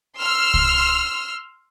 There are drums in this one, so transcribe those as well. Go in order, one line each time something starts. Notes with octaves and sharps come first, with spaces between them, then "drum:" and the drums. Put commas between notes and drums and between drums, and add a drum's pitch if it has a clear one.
C6 E6 F6
drum: kick C2